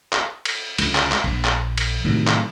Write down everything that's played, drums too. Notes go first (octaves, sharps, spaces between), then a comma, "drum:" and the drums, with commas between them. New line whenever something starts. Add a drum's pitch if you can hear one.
drum: clap
drum: cymbal
C#2 D3, drum: cymbal
drum: clap
drum: clap
A#1
drum: clap
drum: cymbal
A2 C3 D#3 F#3
drum: clap